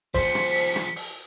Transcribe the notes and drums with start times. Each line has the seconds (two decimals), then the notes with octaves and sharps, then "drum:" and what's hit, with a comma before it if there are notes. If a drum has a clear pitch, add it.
0.14 F3 G#4 C5 B6 C#7, drum: kick F1, hi-hat
0.35 drum: rim click
0.55 drum: open hi-hat
0.76 drum: rim click
0.96 drum: open hi-hat